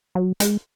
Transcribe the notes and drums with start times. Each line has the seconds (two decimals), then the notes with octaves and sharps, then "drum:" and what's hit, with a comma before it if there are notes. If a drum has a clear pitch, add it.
0.15 F#3
0.40 G#3, drum: hi-hat